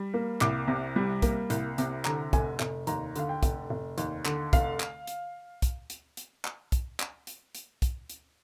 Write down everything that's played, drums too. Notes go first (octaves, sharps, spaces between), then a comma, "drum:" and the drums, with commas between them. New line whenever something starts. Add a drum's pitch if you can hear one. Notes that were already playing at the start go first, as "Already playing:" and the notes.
Already playing: G3
A#3
C2 D6, drum: clap
C3
G3
A#3, drum: kick, hi-hat
C2, drum: hi-hat
C3, drum: hi-hat
D3 A#5, drum: clap
F1 G#5, drum: kick, hi-hat
F1, drum: clap
D#2 A#5, drum: hi-hat
D3 F5, drum: hi-hat
G5
F1, drum: kick, hi-hat
F1
D#2, drum: hi-hat
D3, drum: clap
F1 F5, drum: kick, hi-hat
drum: clap
drum: hi-hat
drum: kick, hi-hat
drum: hi-hat
drum: hi-hat
drum: clap
drum: kick, hi-hat
drum: clap
drum: hi-hat
drum: hi-hat
drum: kick, hi-hat
drum: hi-hat